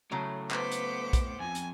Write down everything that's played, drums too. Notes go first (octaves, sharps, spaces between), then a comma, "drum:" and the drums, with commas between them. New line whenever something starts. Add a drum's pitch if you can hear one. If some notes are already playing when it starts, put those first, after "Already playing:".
A2 C#3 F#3 A3
B3 B4 C5 D6, drum: clap
drum: hi-hat
drum: kick, hi-hat
F2 G#5
drum: hi-hat